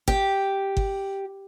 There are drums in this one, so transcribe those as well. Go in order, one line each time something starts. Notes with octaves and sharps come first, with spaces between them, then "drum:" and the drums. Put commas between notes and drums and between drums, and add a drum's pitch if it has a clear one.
G4, drum: kick G1
drum: kick G1